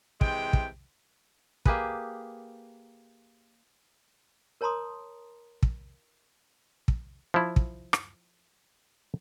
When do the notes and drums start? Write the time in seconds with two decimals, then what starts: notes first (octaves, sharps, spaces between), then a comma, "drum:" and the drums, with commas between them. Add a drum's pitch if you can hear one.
0.21 C3 E3 G#3 G5, drum: kick
0.53 drum: kick
1.65 A#3 G4 G#4 B4, drum: kick
4.61 A#4 C#5 A5 A#5 C6 D#6
5.63 drum: kick
6.88 drum: kick
7.34 F3 E4
7.56 drum: kick
7.93 drum: rim click